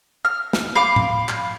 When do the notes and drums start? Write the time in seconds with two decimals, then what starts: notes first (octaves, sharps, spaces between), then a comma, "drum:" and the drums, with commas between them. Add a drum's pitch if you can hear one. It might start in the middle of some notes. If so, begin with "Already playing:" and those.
0.25 F6
0.53 drum: snare
0.75 F5 B5 C6 D6
0.96 drum: tom A2
1.29 drum: clap